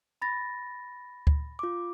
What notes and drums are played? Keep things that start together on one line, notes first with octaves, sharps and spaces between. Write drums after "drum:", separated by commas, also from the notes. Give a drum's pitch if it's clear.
B5 A6 A#6
drum: kick D2
F4 D6